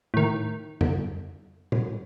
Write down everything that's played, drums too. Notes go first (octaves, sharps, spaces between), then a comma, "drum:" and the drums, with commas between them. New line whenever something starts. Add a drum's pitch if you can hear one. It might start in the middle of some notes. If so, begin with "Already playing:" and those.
A2 D#3
drum: tom F2
drum: tom A#2